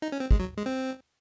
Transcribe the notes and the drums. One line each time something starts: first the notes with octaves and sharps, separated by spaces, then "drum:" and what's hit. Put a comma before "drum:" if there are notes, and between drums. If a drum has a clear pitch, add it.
D#4
C#4
C4
G#3, drum: kick
F#3
G#3
C4